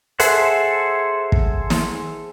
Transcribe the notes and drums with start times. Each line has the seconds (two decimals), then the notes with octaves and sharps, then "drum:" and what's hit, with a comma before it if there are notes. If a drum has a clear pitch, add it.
0.20 G#4 A4 C5 E5 F#5, drum: hi-hat
1.32 drum: kick
1.70 drum: snare